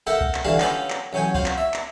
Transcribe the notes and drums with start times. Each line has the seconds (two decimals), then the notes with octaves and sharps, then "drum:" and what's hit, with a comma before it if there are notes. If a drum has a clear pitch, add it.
0.07 A4 A#4 E5 F#5 G5
0.21 drum: kick C2
0.35 drum: clap
0.45 D3 E3 G3 F#4 F5 A5
0.60 B3 C#4 F4 A4 G5 B5, drum: clap
0.90 drum: clap
1.13 A1 F#3 C#4 G5 G#5
1.35 F4 F#4 C5, drum: kick C2
1.46 drum: clap
1.58 E5
1.74 drum: clap